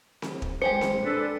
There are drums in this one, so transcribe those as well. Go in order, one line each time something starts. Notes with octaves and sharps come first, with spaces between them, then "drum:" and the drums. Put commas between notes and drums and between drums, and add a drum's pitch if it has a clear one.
drum: snare C4
drum: kick
G#3 G4 G#4 C5 C#7
drum: snare C4
D4 A4 B4